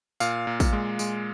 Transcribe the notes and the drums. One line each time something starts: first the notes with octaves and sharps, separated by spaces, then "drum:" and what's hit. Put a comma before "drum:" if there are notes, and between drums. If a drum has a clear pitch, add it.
A#2 F5, drum: tambourine
A#2
drum: kick, tambourine
G#3
G#3, drum: tambourine